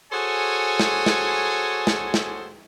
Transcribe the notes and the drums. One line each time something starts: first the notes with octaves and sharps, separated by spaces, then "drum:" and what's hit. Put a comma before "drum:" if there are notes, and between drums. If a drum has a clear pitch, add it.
F#4 G#4 A4 C5 C#5 G#5
drum: snare
drum: snare
drum: snare
drum: snare